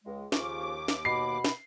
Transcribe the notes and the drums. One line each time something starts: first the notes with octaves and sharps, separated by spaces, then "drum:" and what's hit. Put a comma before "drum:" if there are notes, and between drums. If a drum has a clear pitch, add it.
C#2 G#3
D#2 C#3 F3 F4 C#6 D6, drum: snare
drum: snare
B2 B5 C7
drum: snare